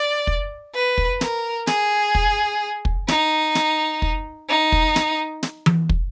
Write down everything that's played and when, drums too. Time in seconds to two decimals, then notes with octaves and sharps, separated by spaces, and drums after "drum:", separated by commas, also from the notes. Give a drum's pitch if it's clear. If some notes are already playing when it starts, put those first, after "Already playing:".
Already playing: D5
0.27 drum: kick
0.75 B4
0.98 drum: kick
1.21 A#4, drum: snare
1.67 G#4, drum: snare
2.15 drum: kick
2.85 drum: kick
3.08 D#4, drum: snare
3.55 drum: snare
4.02 drum: kick
4.49 D#4
4.72 drum: kick
4.96 drum: snare
5.43 drum: snare
5.66 drum: tom E3
5.89 drum: kick